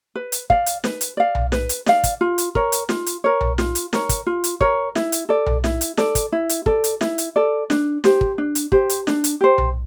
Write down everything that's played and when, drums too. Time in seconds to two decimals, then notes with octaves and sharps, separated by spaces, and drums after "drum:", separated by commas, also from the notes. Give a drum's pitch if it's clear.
0.15 B4
0.32 drum: hi-hat
0.50 D5 F5, drum: kick
0.66 drum: hi-hat
0.84 B4, drum: snare
1.01 drum: hi-hat
1.17 D5 F5
1.35 drum: tom B1
1.52 B4, drum: snare
1.69 drum: hi-hat
1.86 D5 F5, drum: snare
2.04 drum: kick, hi-hat
2.21 F4
2.38 drum: hi-hat
2.55 A#4 C#5, drum: kick
2.72 drum: hi-hat
2.89 F4, drum: snare
3.06 drum: hi-hat
3.24 A#4 C#5
3.41 drum: tom B1
3.58 F4, drum: snare
3.75 drum: hi-hat
3.93 A#4 C#5, drum: snare
4.09 drum: kick, hi-hat
4.27 F4
4.44 drum: hi-hat
4.61 A#4 C#5, drum: kick
4.95 E4, drum: snare
5.12 drum: hi-hat
5.29 A4 D5
5.47 drum: tom B1
5.64 E4, drum: snare
5.81 drum: hi-hat
5.97 A4 D5, drum: snare
6.15 drum: kick, hi-hat
6.32 E4
6.49 drum: hi-hat
6.66 A4 D5, drum: kick
6.84 drum: hi-hat
7.01 E4, drum: snare
7.18 drum: hi-hat
7.36 A4 D5
7.70 D4, drum: snare
8.04 G4 C5, drum: snare
8.21 drum: kick
8.38 D4
8.55 drum: hi-hat
8.72 G4 C5, drum: kick
8.89 drum: hi-hat
9.07 D4, drum: snare
9.24 drum: hi-hat
9.41 G4 C5
9.58 drum: tom B1